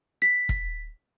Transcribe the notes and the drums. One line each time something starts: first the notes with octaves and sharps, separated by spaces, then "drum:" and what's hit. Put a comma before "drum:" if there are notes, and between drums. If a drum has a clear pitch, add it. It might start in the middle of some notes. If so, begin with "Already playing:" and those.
B6
drum: kick E1